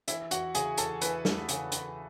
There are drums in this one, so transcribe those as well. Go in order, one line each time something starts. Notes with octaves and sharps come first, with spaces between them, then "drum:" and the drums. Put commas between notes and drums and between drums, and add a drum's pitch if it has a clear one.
E3 E4 E5, drum: hi-hat
E2 F#4 F#5, drum: hi-hat
C#3 G#4 G#5, drum: hi-hat
E2 A4 A5, drum: hi-hat
E3 B4 B5, drum: hi-hat
E2, drum: snare
C#3, drum: hi-hat
E2, drum: hi-hat